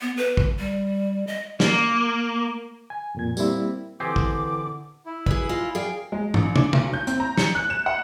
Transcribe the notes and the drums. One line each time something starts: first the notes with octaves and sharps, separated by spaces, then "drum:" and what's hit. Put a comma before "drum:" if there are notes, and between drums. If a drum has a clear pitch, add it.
B3
B4
drum: kick
G3
D#5
A#3, drum: snare
G#5
F2 A#2 G#6
G3 A#3 C4 E4, drum: tambourine
D3 E3 C4 G4 G#4 D6
drum: kick
E4
G#4 B4, drum: kick
F4 D#5
G#4 D5 F5 G5
G#3
A#1, drum: tom
D4, drum: tom
B1, drum: tom
G6
C4, drum: hi-hat
A#5
C#7, drum: snare
F#6
E7
F#5